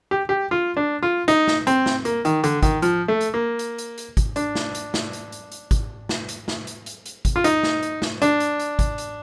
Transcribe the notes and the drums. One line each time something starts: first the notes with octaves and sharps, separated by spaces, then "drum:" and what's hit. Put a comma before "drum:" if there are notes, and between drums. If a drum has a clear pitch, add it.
G4
G4
F4
D4
F4
D#4, drum: hi-hat
drum: snare
C4, drum: hi-hat
drum: snare
A#3, drum: hi-hat
D#3, drum: hi-hat
D3, drum: hi-hat
D#3, drum: kick, hi-hat
F3, drum: hi-hat
A3
drum: hi-hat
A#3
drum: hi-hat
drum: hi-hat
drum: hi-hat
drum: kick, hi-hat
D4, drum: hi-hat
drum: snare
drum: hi-hat
drum: snare
drum: hi-hat
drum: hi-hat
drum: hi-hat
drum: kick, hi-hat
drum: snare
drum: hi-hat
drum: snare
drum: hi-hat
drum: hi-hat
drum: hi-hat
drum: kick, hi-hat
F4
D#4, drum: hi-hat
drum: snare
drum: hi-hat
drum: snare
D4, drum: hi-hat
drum: hi-hat
drum: hi-hat
drum: kick, hi-hat
drum: hi-hat